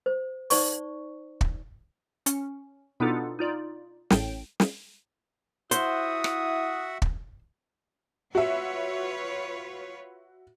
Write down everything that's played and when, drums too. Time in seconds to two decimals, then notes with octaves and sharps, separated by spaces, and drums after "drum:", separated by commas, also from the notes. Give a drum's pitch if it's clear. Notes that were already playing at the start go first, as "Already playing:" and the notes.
0.06 C5
0.50 D#4 C5 D5 C#6, drum: open hi-hat
1.41 drum: kick
2.26 C#4, drum: hi-hat
3.00 B2 B3 D4 D#4 F4 A4
3.39 D#4 F4 D5
4.10 A1 A2 G5 D7, drum: snare
4.60 drum: snare
5.71 E4 F#4 C5 E5 F#5 D#6, drum: hi-hat
6.24 drum: rim click
7.02 drum: kick
8.35 F4 F#4 B4 C#5 E5